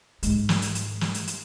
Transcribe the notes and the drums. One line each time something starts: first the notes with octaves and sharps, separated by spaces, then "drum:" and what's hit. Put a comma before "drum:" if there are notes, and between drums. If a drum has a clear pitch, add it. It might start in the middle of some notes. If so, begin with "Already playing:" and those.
G#2 G#3, drum: hi-hat
drum: snare
drum: hi-hat
drum: hi-hat
drum: snare
drum: hi-hat
drum: hi-hat